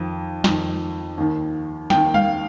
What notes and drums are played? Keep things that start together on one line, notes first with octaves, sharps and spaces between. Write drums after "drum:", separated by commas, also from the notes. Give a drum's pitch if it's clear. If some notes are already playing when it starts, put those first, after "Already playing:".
Already playing: F2 D#3
F2 D#3, drum: snare
D#2 D#3
D#2 D#3 G5, drum: snare
F5, drum: tom G3